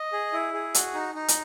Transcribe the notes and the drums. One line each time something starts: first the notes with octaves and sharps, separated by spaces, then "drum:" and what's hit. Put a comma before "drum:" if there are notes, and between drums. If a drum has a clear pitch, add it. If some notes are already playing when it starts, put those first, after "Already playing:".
Already playing: D#5
G#4
E4
G#4
F#4, drum: hi-hat
D#4
D#4
drum: hi-hat